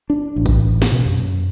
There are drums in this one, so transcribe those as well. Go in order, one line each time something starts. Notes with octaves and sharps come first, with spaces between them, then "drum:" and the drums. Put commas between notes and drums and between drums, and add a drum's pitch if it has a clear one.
D4
A1
drum: kick, hi-hat
drum: snare
B2
F#2
drum: hi-hat